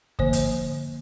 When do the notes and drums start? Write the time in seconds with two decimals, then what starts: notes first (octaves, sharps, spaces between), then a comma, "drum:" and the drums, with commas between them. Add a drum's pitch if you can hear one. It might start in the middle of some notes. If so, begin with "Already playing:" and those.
0.19 D3 F3 A#3 C5, drum: kick
0.33 drum: hi-hat